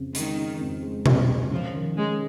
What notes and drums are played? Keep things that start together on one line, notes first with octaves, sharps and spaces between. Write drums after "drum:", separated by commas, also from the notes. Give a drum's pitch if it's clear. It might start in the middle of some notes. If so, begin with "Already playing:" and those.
Already playing: F2 C#3
D#3 G#3, drum: hi-hat
C#3
F2
G#3
F2, drum: tom B2
G#3
F3 C#4
D#3
G#3 C#4